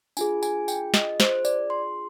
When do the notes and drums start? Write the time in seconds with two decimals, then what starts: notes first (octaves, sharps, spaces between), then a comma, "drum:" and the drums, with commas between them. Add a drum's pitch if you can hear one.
0.17 D4 F4 G#4 G#5, drum: tambourine
0.43 G#5, drum: tambourine
0.68 G5, drum: tambourine
0.94 D#5, drum: snare
1.20 C5, drum: snare
1.45 D5, drum: tambourine
1.70 C6